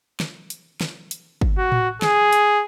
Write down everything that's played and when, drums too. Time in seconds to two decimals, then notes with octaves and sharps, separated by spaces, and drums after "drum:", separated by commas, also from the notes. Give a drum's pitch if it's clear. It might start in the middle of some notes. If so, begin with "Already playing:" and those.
0.20 drum: snare
0.50 drum: hi-hat
0.81 drum: snare
1.11 drum: hi-hat
1.41 drum: kick G1
1.58 F#4
1.72 drum: tom A2
2.02 G#4, drum: snare
2.33 drum: hi-hat